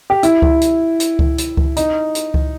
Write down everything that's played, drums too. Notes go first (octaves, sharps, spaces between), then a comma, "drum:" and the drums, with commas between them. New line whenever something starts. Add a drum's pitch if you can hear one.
G4
E4, drum: hi-hat
drum: kick C#2
drum: hi-hat
drum: hi-hat
drum: kick C#2
drum: hi-hat
drum: kick C#2
D#4, drum: hi-hat
drum: hi-hat
drum: kick C#2